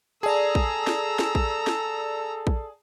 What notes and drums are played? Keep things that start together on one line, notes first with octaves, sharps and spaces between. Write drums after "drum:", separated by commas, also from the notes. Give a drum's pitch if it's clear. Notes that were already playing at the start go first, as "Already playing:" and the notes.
G#4 A4 D5 A5 A#5 E6
drum: kick
drum: snare
drum: snare
drum: kick
drum: snare
drum: kick